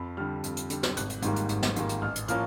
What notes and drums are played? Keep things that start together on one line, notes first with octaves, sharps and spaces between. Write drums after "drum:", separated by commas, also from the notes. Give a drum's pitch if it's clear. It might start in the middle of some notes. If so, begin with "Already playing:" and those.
Already playing: F2 B5
D3 G3 F6
F2, drum: hi-hat
drum: hi-hat
D3 G3, drum: hi-hat
drum: snare
G#1 F#6, drum: hi-hat
drum: hi-hat
G#2 D#3 G3 A#3, drum: hi-hat
drum: hi-hat
G#1, drum: hi-hat
drum: snare
G#2 D#3 G3 A#3, drum: hi-hat
drum: hi-hat
A1 F6
drum: hi-hat
A2 F3 A#3 C#4 F6, drum: hi-hat